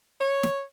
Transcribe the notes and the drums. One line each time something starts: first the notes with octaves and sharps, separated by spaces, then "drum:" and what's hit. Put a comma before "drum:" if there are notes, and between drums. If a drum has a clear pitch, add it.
C#5
drum: snare